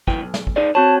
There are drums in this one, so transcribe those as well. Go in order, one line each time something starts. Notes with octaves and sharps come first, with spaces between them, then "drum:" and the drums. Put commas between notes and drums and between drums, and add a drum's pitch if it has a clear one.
B1 E3 G5, drum: kick
B1
drum: snare
drum: kick
D#4 G#4 D5
C4 F#4 C#5 A5